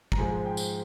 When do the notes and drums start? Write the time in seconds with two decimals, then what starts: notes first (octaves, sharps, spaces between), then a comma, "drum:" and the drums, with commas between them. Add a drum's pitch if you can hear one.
0.12 A#5, drum: kick
0.18 G#2 F3 G#3 G#5
0.45 G5
0.57 drum: tambourine